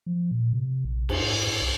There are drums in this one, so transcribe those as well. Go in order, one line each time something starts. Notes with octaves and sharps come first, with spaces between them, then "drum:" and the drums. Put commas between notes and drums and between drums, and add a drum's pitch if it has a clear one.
F3
A#2
C3
A#1
F2, drum: cymbal
G#2
G2
C2